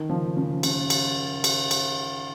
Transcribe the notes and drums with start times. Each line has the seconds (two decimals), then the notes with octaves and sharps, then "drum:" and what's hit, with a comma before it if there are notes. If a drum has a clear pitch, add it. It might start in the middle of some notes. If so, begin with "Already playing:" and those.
Already playing: D#3
0.09 C#3 F3
0.36 C#3 F3
0.63 C#3, drum: cymbal
0.90 drum: cymbal
1.44 drum: cymbal
1.71 drum: cymbal